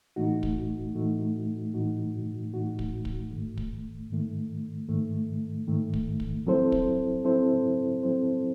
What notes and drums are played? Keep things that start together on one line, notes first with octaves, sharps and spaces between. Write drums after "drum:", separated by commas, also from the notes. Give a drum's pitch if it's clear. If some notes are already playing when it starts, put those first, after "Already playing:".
A2 E3 A3 D#4 F#4
drum: kick
A2 E3 A3 D#4 F#4
A2 E3 A3 D#4 F#4
A2 E3 A3 D#4 F#4
drum: kick
drum: kick
G#2 D#3 A3
drum: kick
G#2 D#3 A3
G#2 D#3 A3
G#2 D#3 A3
drum: kick
drum: kick
F#3 C4 E4 A4 C5
drum: kick
F#3 C4 E4 A4 C5
F#3 C4 E4 A4 C5